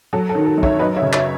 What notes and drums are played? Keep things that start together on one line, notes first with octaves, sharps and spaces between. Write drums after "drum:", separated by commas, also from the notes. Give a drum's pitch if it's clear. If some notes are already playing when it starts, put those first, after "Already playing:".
F#3 A4
A4
D#3
A4
F#2
C#5 E5, drum: kick
F#3 B4 D#5
C#5 E5
C#3
C#5 E5, drum: clap